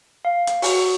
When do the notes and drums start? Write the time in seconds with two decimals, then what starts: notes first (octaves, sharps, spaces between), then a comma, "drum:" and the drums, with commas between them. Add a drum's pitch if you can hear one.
0.25 F5
0.47 drum: hi-hat
0.62 F#4, drum: open hi-hat